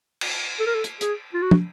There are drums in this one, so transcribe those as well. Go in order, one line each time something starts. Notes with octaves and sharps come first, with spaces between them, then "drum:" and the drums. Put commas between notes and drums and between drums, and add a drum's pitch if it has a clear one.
drum: cymbal
A4
A#4
A4
drum: hi-hat
G#4, drum: hi-hat
F4
F#4
drum: tom